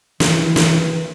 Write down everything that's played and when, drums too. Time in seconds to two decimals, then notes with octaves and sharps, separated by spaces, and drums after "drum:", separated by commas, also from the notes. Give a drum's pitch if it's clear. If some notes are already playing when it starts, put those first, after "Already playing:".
0.20 E3, drum: snare
0.56 drum: snare